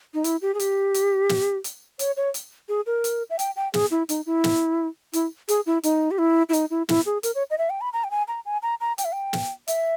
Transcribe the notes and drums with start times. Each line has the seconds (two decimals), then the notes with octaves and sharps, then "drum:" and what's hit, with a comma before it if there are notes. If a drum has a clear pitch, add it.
0.14 D#4
0.24 E4, drum: hi-hat
0.42 G4
0.54 G#4
0.59 G4, drum: hi-hat
0.94 drum: hi-hat
1.29 drum: snare
1.64 drum: hi-hat
1.99 C#5, drum: hi-hat
2.17 C#5
2.34 drum: hi-hat
2.69 G#4
2.86 A#4
3.04 drum: hi-hat
3.30 E5
3.39 G5, drum: hi-hat
3.56 G5
3.74 G#4, drum: snare
3.91 E4
4.09 D#4, drum: hi-hat
4.26 E4
4.44 drum: snare
5.13 E4, drum: hi-hat
5.48 G#4, drum: hi-hat
5.66 E4
5.83 D#4, drum: hi-hat
6.11 G4
6.18 E4
6.49 E4
6.53 D#4, drum: hi-hat
6.70 E4
6.89 E4, drum: snare
7.06 G#4
7.23 A#4, drum: hi-hat
7.35 C#5
7.50 D#5
7.58 E5
7.70 G5
7.81 B5
7.93 A#5
8.04 G5
8.11 G#5
8.28 A#5
8.45 G#5
8.63 A#5
8.81 A#5
8.98 G5, drum: hi-hat
9.05 E5
9.13 G5
9.33 drum: snare
9.68 E5, drum: hi-hat